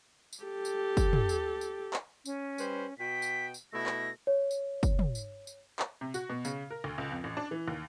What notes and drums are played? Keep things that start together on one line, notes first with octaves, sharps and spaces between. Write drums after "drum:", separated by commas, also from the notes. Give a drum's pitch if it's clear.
drum: tambourine
G4 A4
drum: tambourine
drum: kick, tambourine
drum: tom
drum: tambourine
drum: tambourine
drum: clap
C#4, drum: tambourine
G3 B4 C5, drum: tambourine
B2 F#4 G5 B6
drum: tambourine
drum: tambourine
B2 A3 E4 A#6
drum: clap
C#5
drum: tambourine
drum: kick, tambourine
drum: tom
drum: tambourine
drum: tambourine
drum: clap
C3
F#4, drum: tambourine
B2
C#3, drum: tambourine
A#4
D2
C#2
F2
A1
D4
E3
D#2